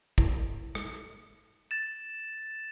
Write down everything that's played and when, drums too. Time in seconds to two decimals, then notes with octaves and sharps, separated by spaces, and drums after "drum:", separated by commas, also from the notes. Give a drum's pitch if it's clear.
0.18 E4, drum: kick
0.75 drum: rim click
1.71 A6 E7